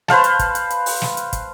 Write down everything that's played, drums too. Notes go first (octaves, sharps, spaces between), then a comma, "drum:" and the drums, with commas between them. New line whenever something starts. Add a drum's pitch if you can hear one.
B4 C5 F5 A5, drum: snare
drum: hi-hat
drum: kick, hi-hat
drum: hi-hat
drum: hi-hat
drum: open hi-hat
drum: snare
drum: hi-hat
drum: kick, hi-hat